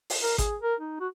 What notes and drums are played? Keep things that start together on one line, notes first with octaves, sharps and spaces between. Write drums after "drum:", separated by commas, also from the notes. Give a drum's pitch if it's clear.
drum: open hi-hat
A#4
G#4, drum: kick G#1, hi-hat
A#4
D#4
F#4